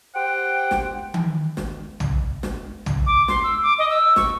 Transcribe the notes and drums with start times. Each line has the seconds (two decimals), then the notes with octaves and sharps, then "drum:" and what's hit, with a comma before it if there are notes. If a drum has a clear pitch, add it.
0.15 G4 C5 F#5 G5
0.71 drum: snare
1.14 drum: tom D#3
1.57 drum: snare
2.00 drum: tom
2.43 drum: snare
2.86 drum: tom
3.06 D6
3.28 C6, drum: snare
3.44 E6
3.62 D6
3.79 D#5
3.90 E6
4.16 C#6, drum: snare